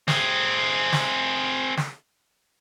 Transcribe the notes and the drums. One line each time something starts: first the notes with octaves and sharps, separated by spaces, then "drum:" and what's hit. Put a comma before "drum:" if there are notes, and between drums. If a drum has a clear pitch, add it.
C4 G#4, drum: snare
drum: snare
drum: snare